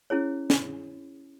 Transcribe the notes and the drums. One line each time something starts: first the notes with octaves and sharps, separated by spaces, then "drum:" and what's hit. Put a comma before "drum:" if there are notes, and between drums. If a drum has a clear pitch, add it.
C#4 E4 G#4 C#5
drum: snare